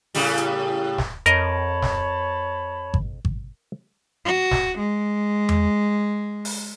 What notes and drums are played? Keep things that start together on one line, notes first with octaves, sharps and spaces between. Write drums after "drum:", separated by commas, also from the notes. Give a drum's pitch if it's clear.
A2 C#3 G3, drum: open hi-hat
drum: hi-hat
drum: snare
F2 A#4 C#5 D#5 A5 B5, drum: hi-hat
drum: snare
drum: kick G#1
drum: kick G#1
F#4
drum: snare
G#3
drum: tom E2
drum: open hi-hat